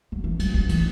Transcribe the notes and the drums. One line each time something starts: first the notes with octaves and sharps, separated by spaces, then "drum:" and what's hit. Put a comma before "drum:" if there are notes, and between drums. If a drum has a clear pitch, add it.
F#3
E3
F#3, drum: cymbal
F#3, drum: kick
E3, drum: cymbal